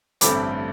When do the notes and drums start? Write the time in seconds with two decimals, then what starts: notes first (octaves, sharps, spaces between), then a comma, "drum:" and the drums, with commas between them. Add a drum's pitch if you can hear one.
0.21 A1 G2 D3 A3 C4 B5 D6, drum: hi-hat